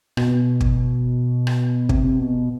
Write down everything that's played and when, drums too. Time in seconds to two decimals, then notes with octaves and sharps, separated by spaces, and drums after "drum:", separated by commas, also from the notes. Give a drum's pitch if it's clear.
0.17 B2, drum: rim click
0.61 drum: kick
1.47 drum: rim click
1.89 C3, drum: kick
2.19 B2